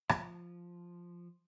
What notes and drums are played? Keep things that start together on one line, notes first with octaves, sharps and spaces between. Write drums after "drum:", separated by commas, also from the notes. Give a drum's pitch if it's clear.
F3, drum: rim click